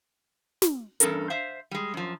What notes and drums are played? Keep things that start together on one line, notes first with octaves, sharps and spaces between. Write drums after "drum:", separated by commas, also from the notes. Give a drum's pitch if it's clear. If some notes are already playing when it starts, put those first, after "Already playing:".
drum: snare
E2 G2 F3 C#4 A4 A#4, drum: hi-hat
C5 E5 F5
G3 G#3
F#2 F3